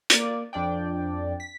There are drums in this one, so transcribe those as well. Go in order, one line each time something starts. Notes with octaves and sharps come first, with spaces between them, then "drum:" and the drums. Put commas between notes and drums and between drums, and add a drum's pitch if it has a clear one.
A#3 D5, drum: hi-hat
F2 D4 D5 G5
B6